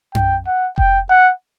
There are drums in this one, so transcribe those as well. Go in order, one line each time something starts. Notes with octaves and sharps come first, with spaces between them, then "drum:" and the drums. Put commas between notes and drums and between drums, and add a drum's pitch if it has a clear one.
G5, drum: tom F#2
F#5
G5, drum: kick F1
F#5